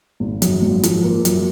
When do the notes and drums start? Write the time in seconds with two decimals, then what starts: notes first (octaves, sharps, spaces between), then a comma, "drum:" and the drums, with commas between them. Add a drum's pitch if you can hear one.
0.20 G#1
0.42 F#2, drum: hi-hat
0.62 G#1
0.83 F3, drum: hi-hat
1.04 A#3
1.25 F#2, drum: hi-hat